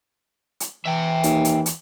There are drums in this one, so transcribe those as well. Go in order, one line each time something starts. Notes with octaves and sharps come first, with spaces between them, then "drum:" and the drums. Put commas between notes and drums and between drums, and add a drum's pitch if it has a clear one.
drum: hi-hat
E3 E5 G5
D#2, drum: hi-hat
drum: hi-hat
drum: hi-hat